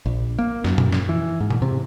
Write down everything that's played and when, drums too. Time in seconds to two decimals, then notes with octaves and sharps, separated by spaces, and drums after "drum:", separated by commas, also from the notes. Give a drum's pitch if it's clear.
0.06 A#1
0.39 A#3
0.64 F#2, drum: snare
0.78 drum: tom A#2
0.93 drum: snare
1.09 E3
1.40 G#2
1.50 drum: tom A#2
1.62 C3